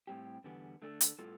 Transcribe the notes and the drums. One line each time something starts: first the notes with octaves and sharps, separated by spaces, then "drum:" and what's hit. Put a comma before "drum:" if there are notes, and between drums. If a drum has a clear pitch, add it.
A2 G3 C4 G4
E2 D3 G3 B3
D3 A3 D4 A4
drum: hi-hat
A2 G3 B3 F4 A4